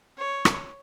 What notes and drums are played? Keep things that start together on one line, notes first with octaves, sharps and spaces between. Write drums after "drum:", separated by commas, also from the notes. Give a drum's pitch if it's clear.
C#5
drum: rim click